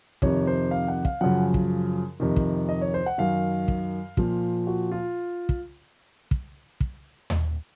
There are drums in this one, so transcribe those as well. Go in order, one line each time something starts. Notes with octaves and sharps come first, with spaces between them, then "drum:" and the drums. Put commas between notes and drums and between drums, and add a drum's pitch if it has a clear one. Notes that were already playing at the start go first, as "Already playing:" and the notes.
F2 C3 D#3 C#5, drum: kick
C5
F5
F#5
F5, drum: kick
F#2 C#3 F3 F#5
drum: kick
F2 C3 D#3
drum: kick
D#5
C#5
C5
F#5
F#2 D#3 F5
drum: kick
A#2 F3, drum: kick
F#4
F4
drum: kick
drum: kick
drum: kick
drum: tom D#2